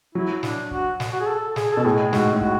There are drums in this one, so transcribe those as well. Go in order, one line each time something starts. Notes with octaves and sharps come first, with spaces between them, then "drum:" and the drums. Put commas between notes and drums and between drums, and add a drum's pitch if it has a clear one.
F#3 E4
D4, drum: snare
F#4, drum: kick
drum: snare
F#4
G#4
A4
G#4, drum: snare
B2 A4
A2 G#4
G#2 F#4, drum: snare
A2
F#4, drum: kick